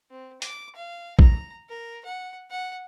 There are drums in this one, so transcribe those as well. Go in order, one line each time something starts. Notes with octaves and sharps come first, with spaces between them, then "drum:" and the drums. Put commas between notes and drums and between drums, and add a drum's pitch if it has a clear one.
C4
D6, drum: hi-hat
F5
A#5, drum: kick A#1
A#4
F#5
F#5